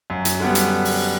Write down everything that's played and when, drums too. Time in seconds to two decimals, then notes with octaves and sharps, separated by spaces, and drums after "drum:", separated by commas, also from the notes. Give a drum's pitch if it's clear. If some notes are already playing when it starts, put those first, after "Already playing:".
0.10 F#2
0.25 drum: hi-hat
0.40 D3 G3 B3
0.55 drum: hi-hat
0.85 drum: open hi-hat